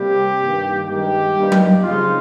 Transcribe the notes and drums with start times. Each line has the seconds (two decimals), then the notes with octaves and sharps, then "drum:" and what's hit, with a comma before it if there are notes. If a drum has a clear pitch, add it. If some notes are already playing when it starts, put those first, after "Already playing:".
Already playing: C3 G3 A#3 G4
0.40 G2 D#3 A#3
0.88 G2 D#3 G#3 G4
1.36 G2 G3 A#3 D#4
1.52 drum: tom F#3
1.83 C#3 G#3 C4 D#4 F4